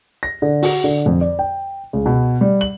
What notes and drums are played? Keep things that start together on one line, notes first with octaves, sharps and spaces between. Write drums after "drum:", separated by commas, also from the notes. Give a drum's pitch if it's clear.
A#6
D3
F#4, drum: open hi-hat
D3
F2
D5
G5
C#2
B2
G3
F#7